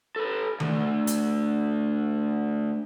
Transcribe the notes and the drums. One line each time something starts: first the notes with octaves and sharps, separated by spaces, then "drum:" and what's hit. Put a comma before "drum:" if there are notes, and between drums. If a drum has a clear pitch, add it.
A4 B4
D3 A3, drum: tom D#3
drum: hi-hat